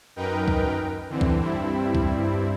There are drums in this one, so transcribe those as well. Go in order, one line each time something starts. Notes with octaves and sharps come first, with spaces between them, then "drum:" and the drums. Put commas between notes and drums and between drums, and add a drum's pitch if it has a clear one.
F#2 D#4 A#4 B4 G5
drum: kick C2
D3 E3 C4
drum: kick C2
G2 G3 C4 E4
drum: kick C2